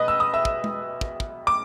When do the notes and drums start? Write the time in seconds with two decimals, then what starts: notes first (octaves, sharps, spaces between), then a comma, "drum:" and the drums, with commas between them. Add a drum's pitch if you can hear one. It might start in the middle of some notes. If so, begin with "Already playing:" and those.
Already playing: B2 B4 D#5 D#6
0.08 E6
0.20 D#6
0.34 E5 E6
0.45 drum: kick
0.64 drum: tom G#3
1.01 drum: kick
1.20 drum: kick
1.47 D6